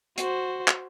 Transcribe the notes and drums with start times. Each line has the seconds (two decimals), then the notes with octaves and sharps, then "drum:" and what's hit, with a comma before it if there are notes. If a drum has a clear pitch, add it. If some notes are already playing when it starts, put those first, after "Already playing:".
0.18 F#4 C5, drum: hi-hat
0.68 drum: clap